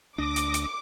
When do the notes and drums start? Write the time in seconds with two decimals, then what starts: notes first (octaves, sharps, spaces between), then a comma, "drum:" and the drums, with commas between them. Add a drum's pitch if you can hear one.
0.18 D2 D4 D6 D#6 A#6
0.36 drum: hi-hat
0.54 drum: hi-hat